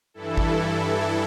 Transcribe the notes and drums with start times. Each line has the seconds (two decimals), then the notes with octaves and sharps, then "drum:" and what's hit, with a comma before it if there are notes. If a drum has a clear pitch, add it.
0.14 G2 E3 E4 A4
0.37 drum: kick G#1